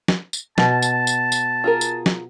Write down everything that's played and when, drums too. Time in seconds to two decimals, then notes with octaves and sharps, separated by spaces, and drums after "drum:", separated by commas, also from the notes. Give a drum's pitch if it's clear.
0.08 drum: snare
0.33 drum: tambourine
0.58 B2 A5, drum: snare
0.82 drum: tambourine
1.07 drum: tambourine
1.32 drum: tambourine
1.64 F4 G#4 A#4
1.81 drum: tambourine
2.06 drum: snare